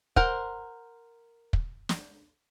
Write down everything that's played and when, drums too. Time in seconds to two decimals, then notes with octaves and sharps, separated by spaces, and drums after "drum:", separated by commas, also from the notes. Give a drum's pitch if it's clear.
0.16 A#4 C5 F#5, drum: kick
1.53 drum: kick
1.89 drum: snare